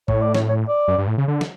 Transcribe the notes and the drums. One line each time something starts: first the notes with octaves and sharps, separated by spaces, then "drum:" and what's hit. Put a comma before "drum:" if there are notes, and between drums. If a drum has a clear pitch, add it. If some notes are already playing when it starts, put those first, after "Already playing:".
A2 C#5, drum: kick G#1
D5
C#5, drum: snare
C#5
D5
F#2
G2
A2
C#3
D3
drum: snare